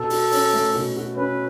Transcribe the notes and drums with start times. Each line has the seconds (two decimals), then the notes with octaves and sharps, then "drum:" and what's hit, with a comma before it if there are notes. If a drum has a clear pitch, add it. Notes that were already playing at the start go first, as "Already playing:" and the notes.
Already playing: B2 A4
0.10 F#4, drum: open hi-hat
0.32 C#4, drum: open hi-hat
0.53 A3
0.75 B2
0.96 F#4
1.17 C#4 B4